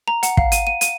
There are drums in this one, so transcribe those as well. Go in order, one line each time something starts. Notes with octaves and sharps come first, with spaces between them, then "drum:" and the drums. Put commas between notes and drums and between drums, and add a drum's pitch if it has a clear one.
A#5
F#5, drum: hi-hat
F5, drum: kick
D#7, drum: hi-hat
D#7
D#7, drum: hi-hat